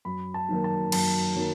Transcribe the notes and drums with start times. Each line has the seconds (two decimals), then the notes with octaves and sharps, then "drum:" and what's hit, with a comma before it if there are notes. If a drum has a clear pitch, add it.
0.05 F#2 B5
0.34 A5
0.49 D#3 F#3 A#3
0.64 A5
0.92 F#2 A5, drum: cymbal
1.36 D#3 F#3 A#3